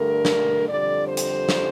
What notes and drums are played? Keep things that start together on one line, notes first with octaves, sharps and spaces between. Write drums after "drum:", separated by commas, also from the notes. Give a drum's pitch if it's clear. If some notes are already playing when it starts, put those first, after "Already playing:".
Already playing: G2 D3 A3 A#4
drum: snare
F2 D3 G3 D5
C5
drum: hi-hat
drum: snare